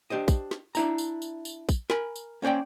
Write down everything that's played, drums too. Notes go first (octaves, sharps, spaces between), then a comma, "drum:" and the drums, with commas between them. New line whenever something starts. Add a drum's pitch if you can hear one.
D4 G4 C5 D#5
drum: kick, tambourine
drum: snare
D4 E4 A#5, drum: tambourine
drum: tambourine
drum: tambourine
drum: tambourine
drum: kick, tambourine
A#4 G#5 B5, drum: snare
drum: tambourine
A#3 C#4 C5 D5 G5